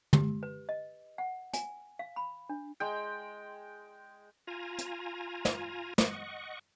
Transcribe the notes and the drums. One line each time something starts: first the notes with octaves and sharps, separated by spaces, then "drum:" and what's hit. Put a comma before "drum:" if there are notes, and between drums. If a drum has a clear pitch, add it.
G4, drum: tom
B4
D#5
F#5
G#5, drum: hi-hat
F5
B5
D4
G#3 G5
F4 G#5 A#5
drum: hi-hat
drum: snare
D#5 F#5 C#6, drum: snare